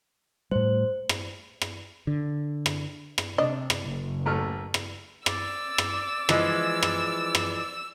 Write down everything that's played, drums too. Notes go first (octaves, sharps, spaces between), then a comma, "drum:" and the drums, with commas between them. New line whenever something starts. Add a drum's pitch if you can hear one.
A2 G3 C5
drum: rim click
drum: rim click
D3
drum: rim click
drum: rim click
C3 D4 D#5
drum: rim click
F#1
A1 A3 F6
drum: rim click
D5 E6, drum: rim click
drum: rim click
E3 F3 G#3, drum: rim click
drum: rim click
drum: rim click